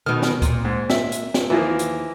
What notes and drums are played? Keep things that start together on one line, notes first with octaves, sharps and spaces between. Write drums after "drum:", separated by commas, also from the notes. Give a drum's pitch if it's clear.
B2 D#3 F6
drum: snare
A#2, drum: kick C#2, hi-hat
G#2
E5, drum: snare
drum: hi-hat
drum: snare
D#2 E3 F3 A#3
drum: hi-hat